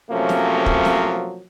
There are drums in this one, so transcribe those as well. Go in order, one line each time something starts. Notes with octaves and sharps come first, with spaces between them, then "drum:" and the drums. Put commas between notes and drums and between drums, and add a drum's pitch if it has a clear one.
C3 F3 F#3 A3 A#3 C#4
drum: snare
drum: kick
drum: snare